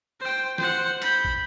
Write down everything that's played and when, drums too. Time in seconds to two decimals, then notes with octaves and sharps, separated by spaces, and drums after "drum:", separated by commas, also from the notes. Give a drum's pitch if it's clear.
0.21 C5 G5
0.58 C5 F#5, drum: snare
1.02 B5 G6, drum: hi-hat
1.25 drum: kick